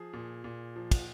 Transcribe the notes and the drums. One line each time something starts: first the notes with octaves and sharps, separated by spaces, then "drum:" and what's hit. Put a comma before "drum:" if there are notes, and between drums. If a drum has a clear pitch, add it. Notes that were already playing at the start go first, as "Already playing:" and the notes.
Already playing: F3 G#4
A#2
A#2
F3
drum: kick, cymbal